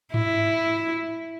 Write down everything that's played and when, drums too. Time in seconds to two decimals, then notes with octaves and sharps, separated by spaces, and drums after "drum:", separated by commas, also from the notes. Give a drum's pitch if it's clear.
0.14 E4, drum: tom G#2